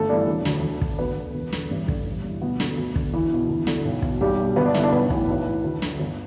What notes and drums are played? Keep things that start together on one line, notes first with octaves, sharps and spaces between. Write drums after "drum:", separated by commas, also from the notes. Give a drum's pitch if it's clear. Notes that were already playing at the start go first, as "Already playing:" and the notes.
Already playing: G1 A3 A4
G2 E3 D4 D5
E1
D2 D3, drum: snare
D2
D3, drum: kick
D2 B3 B4
D3
E1
E2 D3, drum: snare
A1 G3 G4
G2 D3, drum: kick
A1
G2 E3
D2 B2 B3
D3, drum: snare
D2
D3, drum: kick
E1 E3 E4
E2 B2
D2
D3, drum: snare
B1
B2, drum: kick
B1 G3 G4
B2
G1 B3 B4
D4 D5
G2 D3 E4 E5, drum: snare
D4 D5
B1 B3 B4
A2 E3, drum: kick
B1
A2 E3
D2
D3, drum: snare
G1